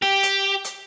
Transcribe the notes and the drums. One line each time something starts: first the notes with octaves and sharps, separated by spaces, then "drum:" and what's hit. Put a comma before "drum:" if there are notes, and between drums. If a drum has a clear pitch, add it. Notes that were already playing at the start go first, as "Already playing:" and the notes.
G4, drum: rim click
drum: hi-hat
drum: hi-hat